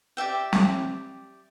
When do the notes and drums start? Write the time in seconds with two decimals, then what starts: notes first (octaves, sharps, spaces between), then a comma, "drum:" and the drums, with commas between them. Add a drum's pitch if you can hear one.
0.17 G4 D5 E5 G5
0.53 drum: snare